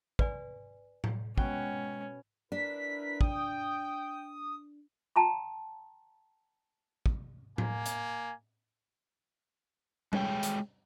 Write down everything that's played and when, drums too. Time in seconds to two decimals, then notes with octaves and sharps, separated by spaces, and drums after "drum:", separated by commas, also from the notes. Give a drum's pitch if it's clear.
0.19 B4 D5 G#5, drum: kick
1.04 drum: tom A2
1.38 B2 G#3 C#4 G5 F#6, drum: kick
2.52 D4 E4 A#4 B4 B6
3.21 G5 D#6, drum: kick
5.16 G5 A5 A#5 C6
7.06 drum: kick
7.58 A#3 G#5, drum: tom A2
7.86 drum: hi-hat
10.13 G#3 C#5 G5, drum: tom G3
10.43 drum: hi-hat